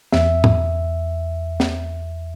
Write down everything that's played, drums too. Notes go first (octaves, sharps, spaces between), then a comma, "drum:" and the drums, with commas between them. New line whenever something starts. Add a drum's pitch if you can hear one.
E2 E5, drum: snare
drum: tom
drum: snare